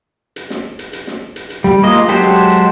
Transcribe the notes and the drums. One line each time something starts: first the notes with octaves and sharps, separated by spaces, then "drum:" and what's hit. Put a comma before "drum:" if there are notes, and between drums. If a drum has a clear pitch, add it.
drum: hi-hat
drum: snare
drum: hi-hat
drum: hi-hat
drum: snare
drum: hi-hat
drum: hi-hat
G3, drum: snare
G#3 A#3 F4 D#5
drum: hi-hat
F#3 G#3 G4 A4 C5, drum: hi-hat
drum: snare
drum: hi-hat
drum: hi-hat